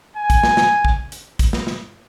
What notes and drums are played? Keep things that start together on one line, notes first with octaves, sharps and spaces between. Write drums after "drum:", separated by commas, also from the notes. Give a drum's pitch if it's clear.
G#5
drum: kick, hi-hat
drum: snare
drum: snare
drum: kick
drum: hi-hat
drum: kick, hi-hat
drum: snare
drum: snare